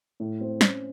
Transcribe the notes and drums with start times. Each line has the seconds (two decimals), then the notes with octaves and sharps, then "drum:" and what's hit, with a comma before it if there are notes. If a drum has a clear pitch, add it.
0.20 A2
0.41 C4
0.61 C#4, drum: snare